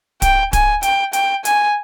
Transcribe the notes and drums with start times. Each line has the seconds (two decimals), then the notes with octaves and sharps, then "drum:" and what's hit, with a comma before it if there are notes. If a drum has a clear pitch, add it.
0.22 G5, drum: kick D1, hi-hat
0.53 G#5, drum: kick D1, hi-hat
0.83 G5, drum: hi-hat
1.13 G5, drum: hi-hat
1.45 G#5, drum: hi-hat